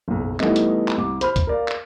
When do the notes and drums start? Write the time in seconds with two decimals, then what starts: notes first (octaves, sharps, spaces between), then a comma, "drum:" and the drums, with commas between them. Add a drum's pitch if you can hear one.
0.08 F#1 B1
0.40 E3 G3 A3 B3 D#4, drum: clap
0.56 drum: hi-hat
0.88 drum: clap
0.98 C2 D6
1.21 C5 B5 F6, drum: hi-hat
1.36 drum: kick C#2, hi-hat
1.47 A#4 D5 F5
1.68 drum: clap